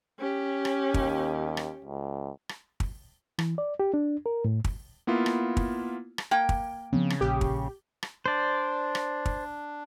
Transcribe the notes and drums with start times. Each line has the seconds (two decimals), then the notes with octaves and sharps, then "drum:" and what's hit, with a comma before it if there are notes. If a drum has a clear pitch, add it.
0.19 C#4 G4
0.65 drum: rim click
0.94 D#2, drum: kick
1.57 drum: rim click
1.84 C#2
2.49 drum: rim click
2.80 drum: kick
3.39 E3, drum: rim click
3.58 D5
3.80 G4
3.94 D4
4.26 A#4
4.45 A2
4.64 drum: kick
5.07 A#3 B3 E4 F4
5.26 drum: rim click
5.57 drum: kick
6.18 drum: rim click
6.31 A#3 G5
6.49 drum: kick
6.93 C#3 F3 B3 C4
7.10 drum: rim click
7.21 A#1 G4
7.41 drum: kick
8.03 drum: rim click
8.26 D4 C5 D5
8.95 drum: rim click
9.26 drum: kick